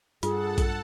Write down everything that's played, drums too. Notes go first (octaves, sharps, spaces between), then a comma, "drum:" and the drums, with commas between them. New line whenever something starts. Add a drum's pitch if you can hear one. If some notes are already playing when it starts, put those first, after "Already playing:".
G2 F4 G#4 A4 F#5 A5, drum: hi-hat
drum: kick A#1, hi-hat